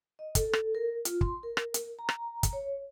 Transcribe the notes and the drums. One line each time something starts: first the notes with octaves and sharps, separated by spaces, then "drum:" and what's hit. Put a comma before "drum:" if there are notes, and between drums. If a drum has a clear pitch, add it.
D#5
A4, drum: kick, hi-hat
drum: rim click
A#4
F4, drum: hi-hat
C6, drum: kick
A#4
drum: rim click
drum: hi-hat
A#5
drum: rim click
drum: kick, hi-hat
C#5